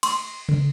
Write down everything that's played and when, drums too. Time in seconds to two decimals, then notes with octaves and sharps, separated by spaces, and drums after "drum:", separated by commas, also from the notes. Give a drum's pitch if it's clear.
0.03 C6, drum: cymbal
0.49 drum: tom C#3